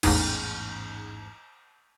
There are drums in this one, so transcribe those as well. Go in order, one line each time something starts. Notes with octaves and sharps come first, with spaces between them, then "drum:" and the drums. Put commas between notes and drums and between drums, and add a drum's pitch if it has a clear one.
A1 E2 G#2, drum: cymbal